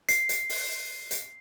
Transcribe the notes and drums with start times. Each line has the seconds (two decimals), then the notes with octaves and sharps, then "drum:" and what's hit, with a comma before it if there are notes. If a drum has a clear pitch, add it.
0.09 C7, drum: hi-hat
0.29 drum: hi-hat
0.49 drum: open hi-hat
1.11 drum: hi-hat